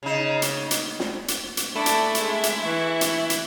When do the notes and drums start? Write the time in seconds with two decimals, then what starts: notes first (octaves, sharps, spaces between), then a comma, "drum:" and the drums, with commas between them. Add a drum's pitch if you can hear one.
0.03 C#3 D#4
0.42 drum: hi-hat
0.71 drum: hi-hat
1.00 drum: snare
1.28 drum: hi-hat
1.57 drum: hi-hat
1.76 A3 D4 E4
1.86 drum: hi-hat
2.15 G#3, drum: hi-hat
2.43 drum: hi-hat
2.65 E3 C#6
3.01 drum: hi-hat
3.30 drum: hi-hat